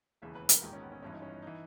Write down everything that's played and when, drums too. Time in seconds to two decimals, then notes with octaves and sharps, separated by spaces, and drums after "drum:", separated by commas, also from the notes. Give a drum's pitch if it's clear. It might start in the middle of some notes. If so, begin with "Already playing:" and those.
0.22 E1 D#2 C#3 E3 E5
0.35 B4
0.49 A#4, drum: hi-hat
0.62 A#1 G#2 D#3 G4
0.73 C#4
0.82 B3
0.92 C#4
1.02 G1 G2 E3 C#4
1.12 D#4
1.22 C#4
1.42 E3 D#4